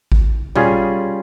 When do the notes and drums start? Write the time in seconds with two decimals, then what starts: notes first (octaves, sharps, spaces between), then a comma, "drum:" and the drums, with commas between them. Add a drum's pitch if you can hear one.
0.12 drum: kick G#1
0.56 G3 C#4 F4 G#4, drum: tom A#2